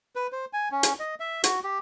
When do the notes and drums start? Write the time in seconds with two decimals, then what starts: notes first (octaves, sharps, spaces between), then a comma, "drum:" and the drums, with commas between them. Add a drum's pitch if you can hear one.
0.16 B4
0.32 C5
0.53 G#5
0.72 C#4
0.83 drum: hi-hat
1.00 D#5
1.20 E5
1.44 F#4, drum: hi-hat
1.64 G4